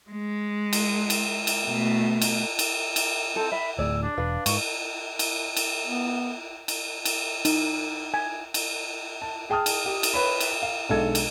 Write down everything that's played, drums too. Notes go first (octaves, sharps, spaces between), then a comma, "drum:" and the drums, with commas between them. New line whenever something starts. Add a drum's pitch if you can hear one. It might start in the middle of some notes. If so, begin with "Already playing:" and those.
G#3
drum: cymbal
drum: cymbal
drum: cymbal
B2 A3
drum: cymbal
drum: cymbal
drum: cymbal
C4 A4
E5 B5
D1 A2 G#4 D5 E6
D4
E1 B4 F5
G#2 C#6, drum: cymbal
drum: cymbal
drum: cymbal
B3
drum: cymbal
drum: cymbal
D#4, drum: cymbal
G#5
drum: cymbal
A5
G#4 G5 A5 D#6 F6
drum: cymbal
G4
drum: cymbal
B4 C#5 B5
drum: cymbal
F5
B1 G#3 D4 D#4 A4 G#6
drum: cymbal